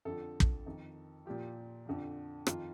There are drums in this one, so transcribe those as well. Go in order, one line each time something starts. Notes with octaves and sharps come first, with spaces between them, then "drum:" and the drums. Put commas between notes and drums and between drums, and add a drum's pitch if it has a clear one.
F2 D3 F3 A4
drum: kick
F2 D#3
A#2 F3 G4
F2 D3 F3
F2 D#3 F4, drum: rim click